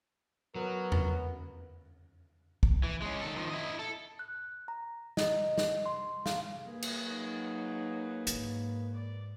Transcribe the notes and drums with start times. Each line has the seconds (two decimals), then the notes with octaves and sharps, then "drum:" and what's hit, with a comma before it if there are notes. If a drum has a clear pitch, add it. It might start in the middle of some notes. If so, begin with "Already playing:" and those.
0.55 F#3 B3 A#4
0.92 drum: tom E2
2.63 drum: kick
2.84 E3
3.02 G#3 C#4
3.21 D#3 A4
3.36 D#3 F3
3.49 E4 D#5
3.79 A4
4.19 F#6
4.68 A#5
5.17 D#5, drum: snare
5.58 drum: snare
5.86 C6
6.26 F5, drum: snare
6.66 A#3 G#4 B4
6.82 drum: cymbal
7.01 F#3 D#4
8.27 G#2, drum: hi-hat
8.94 D5